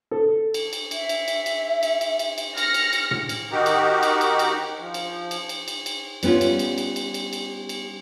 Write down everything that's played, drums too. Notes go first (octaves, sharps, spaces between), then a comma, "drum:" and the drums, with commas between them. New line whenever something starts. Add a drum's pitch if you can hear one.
A4
drum: cymbal
drum: cymbal
E5, drum: cymbal
drum: cymbal
drum: cymbal
drum: cymbal
drum: cymbal
drum: cymbal
drum: cymbal
drum: cymbal
F6 A#6 C#7, drum: cymbal
drum: cymbal
drum: cymbal
drum: tom A2
drum: cymbal
D#3 D#4 F#4 G4 A#4
drum: cymbal
drum: cymbal
drum: cymbal
drum: cymbal
F3
drum: cymbal
drum: cymbal
drum: cymbal
drum: cymbal
drum: cymbal
G3 B3 C#4 F4, drum: cymbal
drum: cymbal
drum: cymbal
drum: cymbal
drum: cymbal
drum: cymbal
drum: cymbal
drum: cymbal